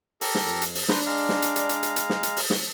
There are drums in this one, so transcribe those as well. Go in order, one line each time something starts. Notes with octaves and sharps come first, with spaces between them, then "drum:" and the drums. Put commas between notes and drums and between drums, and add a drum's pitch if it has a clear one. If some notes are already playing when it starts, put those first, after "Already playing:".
G4 A4 A#4, drum: open hi-hat
drum: snare
F2
drum: hi-hat
drum: open hi-hat
D4 B4 C5 A#5, drum: snare
G#3 F5 A#5
drum: snare
drum: hi-hat
drum: hi-hat
drum: hi-hat
drum: hi-hat
drum: hi-hat
drum: snare
drum: hi-hat
drum: open hi-hat
drum: snare